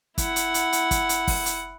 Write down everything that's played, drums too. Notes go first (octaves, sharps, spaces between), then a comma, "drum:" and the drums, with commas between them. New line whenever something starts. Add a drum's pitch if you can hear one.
E4 F#5, drum: kick, hi-hat
drum: hi-hat
drum: hi-hat
drum: hi-hat
drum: kick, hi-hat
drum: hi-hat
drum: kick, open hi-hat
drum: hi-hat